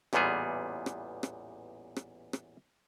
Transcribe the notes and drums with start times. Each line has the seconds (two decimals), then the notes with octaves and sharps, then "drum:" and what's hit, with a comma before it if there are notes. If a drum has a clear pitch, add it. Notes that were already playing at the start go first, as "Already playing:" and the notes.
0.13 A1 E2 A#2 G3 B3 G#4, drum: rim click
0.86 drum: rim click
1.23 drum: rim click
1.96 drum: rim click
2.33 drum: rim click